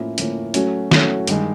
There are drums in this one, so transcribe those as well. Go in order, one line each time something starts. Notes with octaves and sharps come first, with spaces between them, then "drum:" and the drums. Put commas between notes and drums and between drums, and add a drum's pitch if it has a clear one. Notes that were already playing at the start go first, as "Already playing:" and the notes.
Already playing: A2 F3 A#3 C#4 E4
A2 F3 A#3 C#4 E4, drum: hi-hat
F#3 A3 C#4 F#4, drum: hi-hat
F#3 A3 C#4 F#4, drum: snare
G2 D#3 G#3, drum: hi-hat